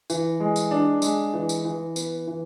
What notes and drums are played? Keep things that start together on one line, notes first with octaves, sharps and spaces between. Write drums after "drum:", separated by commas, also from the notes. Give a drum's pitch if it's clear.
E3, drum: tambourine
G#3
drum: tambourine
D4
G#3, drum: tambourine
E3
drum: tambourine
E3
B3, drum: tambourine
E3